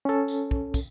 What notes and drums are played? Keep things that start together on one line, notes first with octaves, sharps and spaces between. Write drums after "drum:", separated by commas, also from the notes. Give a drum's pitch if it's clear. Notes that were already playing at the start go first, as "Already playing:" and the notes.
C#4 A4
drum: tambourine
drum: kick
drum: kick, tambourine